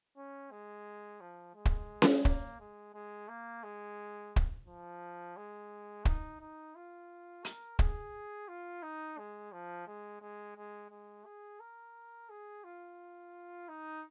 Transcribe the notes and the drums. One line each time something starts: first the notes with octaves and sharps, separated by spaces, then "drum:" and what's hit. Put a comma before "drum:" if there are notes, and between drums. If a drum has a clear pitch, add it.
C#4
G#3
F3
G#3
drum: kick
drum: snare C#4
A#3, drum: kick
G#3
G#3
A#3
G#3
drum: kick
F3
G#3
D#4, drum: kick
D#4
F4
A#4, drum: hi-hat
G#4, drum: kick
F4
D#4
G#3
F3
G#3
G#3
G#3
G#3
G#4
A#4
G#4
F4
D#4